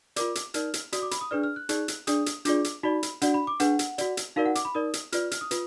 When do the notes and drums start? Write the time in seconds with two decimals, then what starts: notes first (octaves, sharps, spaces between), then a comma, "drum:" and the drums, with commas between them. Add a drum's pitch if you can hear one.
0.16 F4 A#4 D5 D6, drum: hi-hat
0.35 drum: hi-hat
0.54 D#4 A#4 D5 F6, drum: hi-hat
0.74 drum: hi-hat
0.93 F#4 D5 D#6, drum: hi-hat
1.02 D6
1.11 B5, drum: hi-hat
1.21 D#6
1.31 D4 G#4 B4 D5 F6
1.43 F6
1.56 F#6
1.69 D#4 G#4 D5 F#6, drum: hi-hat
1.88 drum: hi-hat
2.07 D4 G#4 D5 D#6, drum: hi-hat
2.26 drum: hi-hat
2.45 D4 F4 G#4 D5 D6, drum: hi-hat
2.64 drum: hi-hat
2.83 D#4 F#4 D5 B5
3.03 drum: hi-hat
3.22 D4 F#4 D5 F#5, drum: hi-hat
3.34 B5
3.47 D6
3.60 D4 G#4 B4 F#5, drum: hi-hat
3.79 drum: hi-hat
3.98 F#4 D5, drum: hi-hat
4.17 drum: hi-hat
4.36 D#4 F#4 A#4 D5 F5
4.46 F#5
4.55 D6, drum: hi-hat
4.65 B5
4.75 D#4 A#4 D5 D#6
4.94 drum: hi-hat
5.12 F4 B4 D5 F6, drum: hi-hat
5.31 F6, drum: hi-hat
5.41 D#6
5.51 F4 B4, drum: hi-hat